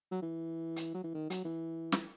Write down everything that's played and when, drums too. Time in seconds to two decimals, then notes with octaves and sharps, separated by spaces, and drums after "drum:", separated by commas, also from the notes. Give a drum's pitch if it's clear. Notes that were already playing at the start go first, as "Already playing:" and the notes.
0.12 F#3
0.22 E3
0.76 drum: hi-hat
0.94 F#3
1.04 E3
1.14 D#3
1.30 F#3, drum: hi-hat
1.45 E3
1.92 drum: snare